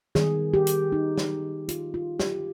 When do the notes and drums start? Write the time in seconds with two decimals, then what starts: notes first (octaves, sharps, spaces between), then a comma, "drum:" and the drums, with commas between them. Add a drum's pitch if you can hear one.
0.15 D#3 G3 B3 G#4, drum: snare
0.54 G4
0.67 drum: hi-hat
0.92 D#4
1.18 drum: snare
1.69 F4, drum: hi-hat
1.94 F4
2.19 G4, drum: snare